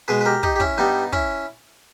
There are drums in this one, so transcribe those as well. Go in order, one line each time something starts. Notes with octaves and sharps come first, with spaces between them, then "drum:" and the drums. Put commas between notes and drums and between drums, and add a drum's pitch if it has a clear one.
B2 G#3 G#4 B4
B4
G4 A#4
D#4 G4, drum: kick
G4
C#4 E4, drum: kick
G2 G3 B3 D#4
C#4 E4, drum: kick